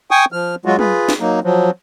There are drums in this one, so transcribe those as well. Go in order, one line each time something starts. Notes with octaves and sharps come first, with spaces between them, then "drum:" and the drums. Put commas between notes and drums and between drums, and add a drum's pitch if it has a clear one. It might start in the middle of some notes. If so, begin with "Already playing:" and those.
G5 G#5 C#6 D#6
F3 F6
F#3 G#3 F4 F#4
F4 G#4 B4, drum: tom
drum: snare
F#3 A#3 D#4
F3 F#3